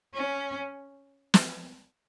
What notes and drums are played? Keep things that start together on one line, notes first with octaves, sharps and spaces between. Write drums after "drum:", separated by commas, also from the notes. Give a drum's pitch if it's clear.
C#4
drum: snare